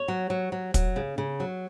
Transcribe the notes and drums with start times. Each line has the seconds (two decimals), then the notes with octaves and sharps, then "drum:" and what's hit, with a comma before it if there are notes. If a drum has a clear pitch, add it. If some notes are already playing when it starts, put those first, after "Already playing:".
Already playing: C#5
0.08 F#3
0.30 F#3
0.52 F#3
0.74 F#3, drum: kick, hi-hat
0.96 C#3
1.18 C#3
1.40 F#3